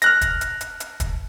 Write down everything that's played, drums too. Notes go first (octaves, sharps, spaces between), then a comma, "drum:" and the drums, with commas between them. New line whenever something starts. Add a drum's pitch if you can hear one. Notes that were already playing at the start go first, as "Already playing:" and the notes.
F6 F#6 A#6, drum: hi-hat
drum: kick, hi-hat
drum: hi-hat
drum: hi-hat
drum: hi-hat
drum: kick, hi-hat